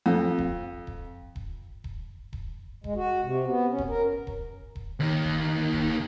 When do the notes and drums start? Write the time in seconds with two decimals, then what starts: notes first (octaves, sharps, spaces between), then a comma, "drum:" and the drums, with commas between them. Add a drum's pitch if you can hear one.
0.06 F2
0.38 drum: kick D#1
0.87 drum: kick D#1
1.36 drum: kick D#1
1.84 drum: kick D#1
2.33 drum: kick D#1
2.84 G#3, drum: kick D#1
2.95 F#4
3.23 C3
3.47 B3
3.69 C#4
3.78 drum: kick D#1
3.89 A#4
4.27 drum: kick D#1
4.75 drum: kick D#1
5.00 D#2 D#3
5.24 drum: kick D#1
5.73 drum: kick D#1